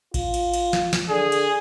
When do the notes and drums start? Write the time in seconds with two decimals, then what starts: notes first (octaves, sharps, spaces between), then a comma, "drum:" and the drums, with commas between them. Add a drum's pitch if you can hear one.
0.14 F4, drum: kick A1, cymbal
0.34 drum: cymbal
0.53 drum: cymbal
0.73 drum: snare
0.93 drum: snare
1.09 D3 G#4
1.32 drum: cymbal